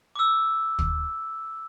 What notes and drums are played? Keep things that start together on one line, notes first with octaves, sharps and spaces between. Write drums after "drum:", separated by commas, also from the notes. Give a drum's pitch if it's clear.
D6 E6
drum: kick